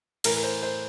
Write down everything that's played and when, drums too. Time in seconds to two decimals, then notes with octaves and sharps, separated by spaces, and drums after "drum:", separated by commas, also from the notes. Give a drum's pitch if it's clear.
0.24 A2 E3 A#4, drum: cymbal
0.36 A#4
0.43 C5
0.62 C5